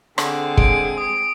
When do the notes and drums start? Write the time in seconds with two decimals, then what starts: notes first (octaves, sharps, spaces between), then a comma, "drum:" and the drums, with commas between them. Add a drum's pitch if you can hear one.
0.18 D3 C4 G#4, drum: rim click
0.57 G#3 D7, drum: kick
0.98 D#6